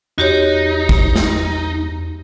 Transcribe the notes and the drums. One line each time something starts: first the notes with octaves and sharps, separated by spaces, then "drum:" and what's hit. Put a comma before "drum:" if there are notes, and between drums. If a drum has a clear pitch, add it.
E2 D#4 F#4 G4 C#5
drum: kick
drum: snare